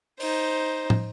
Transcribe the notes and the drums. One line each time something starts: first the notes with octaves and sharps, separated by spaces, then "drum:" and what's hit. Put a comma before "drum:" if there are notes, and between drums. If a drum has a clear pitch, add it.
D#4 C5, drum: open hi-hat
drum: tom